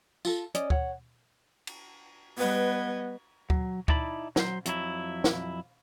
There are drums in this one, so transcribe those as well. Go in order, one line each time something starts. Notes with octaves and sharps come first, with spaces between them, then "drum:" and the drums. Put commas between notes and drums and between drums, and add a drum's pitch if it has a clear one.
F4 A4, drum: tambourine
C#4 D5 D#5, drum: hi-hat
C#5 F#5, drum: kick D2
drum: cymbal
G3 B3 B4 D#5 G#6
F#3, drum: kick D2
D#4 E4 D5 A5 B5, drum: kick D2
F#3 C5, drum: snare
F2 F#3 E4, drum: hi-hat
drum: snare